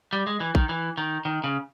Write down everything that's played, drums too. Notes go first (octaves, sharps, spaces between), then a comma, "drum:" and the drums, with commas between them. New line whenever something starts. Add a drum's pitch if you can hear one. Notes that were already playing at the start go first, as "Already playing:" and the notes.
G3
G#3
E3
D#3, drum: kick A#1
E3
D#3
D#3
C#3